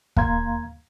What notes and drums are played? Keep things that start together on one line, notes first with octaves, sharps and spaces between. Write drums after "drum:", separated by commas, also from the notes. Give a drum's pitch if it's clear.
D#2 A#3 F5 A#5 C6 G#6, drum: kick